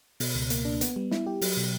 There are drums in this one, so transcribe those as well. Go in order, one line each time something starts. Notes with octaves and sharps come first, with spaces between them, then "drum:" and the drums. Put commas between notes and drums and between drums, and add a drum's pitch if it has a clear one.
B2, drum: open hi-hat
C#2
A#3, drum: hi-hat
D4
B3, drum: hi-hat
G3
E4, drum: snare
G4
F#3, drum: open hi-hat
B2